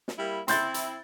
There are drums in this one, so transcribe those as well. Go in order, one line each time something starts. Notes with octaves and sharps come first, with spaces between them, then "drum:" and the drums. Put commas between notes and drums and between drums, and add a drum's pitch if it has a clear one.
drum: snare
G3 A#3 E4
C4 E4 C6 G6 A6, drum: hi-hat
drum: hi-hat